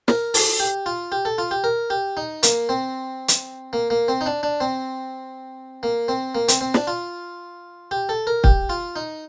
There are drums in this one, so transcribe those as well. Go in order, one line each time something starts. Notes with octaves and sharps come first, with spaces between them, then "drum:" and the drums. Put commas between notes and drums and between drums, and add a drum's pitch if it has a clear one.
A#4, drum: snare
A4, drum: open hi-hat
G4
F4
G4
A4
F4
G4
A#4
G4
D#4
A#3, drum: hi-hat
C4
drum: hi-hat
A#3
A#3
C4
D#4
D4
D4
C4
A#3
C4
A#3
C4, drum: hi-hat
C4
D4, drum: snare
F4
G4
A4
A#4
G4, drum: kick
F4
D#4